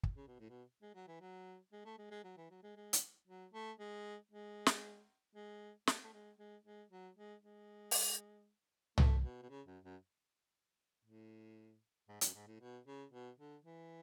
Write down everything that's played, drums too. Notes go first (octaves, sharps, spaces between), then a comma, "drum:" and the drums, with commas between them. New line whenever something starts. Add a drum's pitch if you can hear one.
drum: kick
C#3
B2
A2
B2
G#3
F#3
E3
F#3
G#3
A3
G#3
G#3
F#3
E3
F#3
G#3
G#3
drum: hi-hat
F#3
A3
G#3
G#3
drum: snare
G#3
A3, drum: snare
A3
G#3
G#3
G#3
F#3
G#3
G#3
drum: open hi-hat
A3, drum: tom C2
B2
B2
C#3
F#2
F#2
A2
G#2
F#2, drum: hi-hat
G#2
A2
B2
C#3
B2
D3
E3